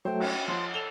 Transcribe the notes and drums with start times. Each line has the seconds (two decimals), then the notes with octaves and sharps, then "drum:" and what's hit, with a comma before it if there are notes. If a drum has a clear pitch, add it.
0.05 F#3 A3 C5 G5
0.20 C#4 F#4, drum: cymbal
0.48 F3 F#5 C6
0.74 A4 E7 F7 G7